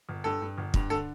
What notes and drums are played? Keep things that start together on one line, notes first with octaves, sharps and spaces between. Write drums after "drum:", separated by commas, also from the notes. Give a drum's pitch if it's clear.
G1
G2 A4
G2
G1
G2, drum: kick
D3 A4